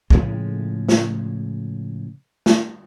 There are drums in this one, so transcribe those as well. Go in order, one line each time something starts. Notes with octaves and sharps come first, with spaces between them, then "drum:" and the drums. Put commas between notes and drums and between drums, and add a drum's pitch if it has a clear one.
A2 C#3 F3 G#3, drum: kick
drum: snare
drum: snare